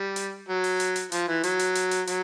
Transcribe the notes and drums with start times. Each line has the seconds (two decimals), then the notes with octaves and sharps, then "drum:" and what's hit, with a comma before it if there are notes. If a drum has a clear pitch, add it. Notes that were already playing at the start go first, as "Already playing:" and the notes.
Already playing: G3
0.16 drum: hi-hat
0.48 F#3
0.64 drum: open hi-hat
0.80 drum: hi-hat
0.96 drum: hi-hat
1.12 F3, drum: hi-hat
1.28 E3
1.43 F#3, drum: hi-hat
1.59 drum: hi-hat
1.75 drum: hi-hat
1.91 drum: hi-hat
2.07 F#3, drum: hi-hat